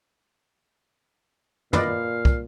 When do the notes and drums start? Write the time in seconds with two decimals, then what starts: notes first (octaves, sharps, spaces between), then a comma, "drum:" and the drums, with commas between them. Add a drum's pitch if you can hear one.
1.73 A#2 B4 D5 D#5 F5, drum: tom
2.25 drum: kick